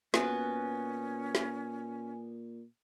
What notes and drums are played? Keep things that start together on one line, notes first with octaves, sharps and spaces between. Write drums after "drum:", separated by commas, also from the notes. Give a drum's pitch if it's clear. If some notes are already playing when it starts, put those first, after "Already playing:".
A#2 B3 C#4 F#4 G#5, drum: snare
drum: snare